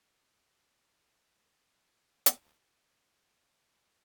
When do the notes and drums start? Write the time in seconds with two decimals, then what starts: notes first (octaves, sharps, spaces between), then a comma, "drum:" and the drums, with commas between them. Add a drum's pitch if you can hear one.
0.16 E4
0.34 F4
0.51 D4
0.71 C6
1.11 D3 F#3 B3 D4
1.41 D3 D#3 D4 B5
1.78 D#3 E5 A5
2.26 drum: hi-hat
2.71 A#4
3.14 B5
3.83 A#4